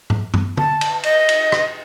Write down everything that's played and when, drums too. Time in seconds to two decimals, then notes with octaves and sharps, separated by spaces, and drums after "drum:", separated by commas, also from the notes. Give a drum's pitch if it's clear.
0.10 drum: tom G#2
0.34 drum: tom G2
0.57 A5, drum: tom
0.81 drum: cymbal
1.03 D#5, drum: cymbal
1.29 drum: cymbal
1.52 drum: rim click